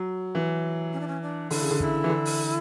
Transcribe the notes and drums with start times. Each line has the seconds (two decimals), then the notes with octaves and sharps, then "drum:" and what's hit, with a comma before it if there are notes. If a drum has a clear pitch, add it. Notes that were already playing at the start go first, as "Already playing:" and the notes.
Already playing: F#3
0.35 E3
0.93 C#4
1.00 D4
1.08 C#4
1.22 D4
1.50 D3 E4, drum: open hi-hat
1.60 C#3
1.71 D3
1.80 E4, drum: kick
2.04 E3
2.09 D3
2.25 drum: open hi-hat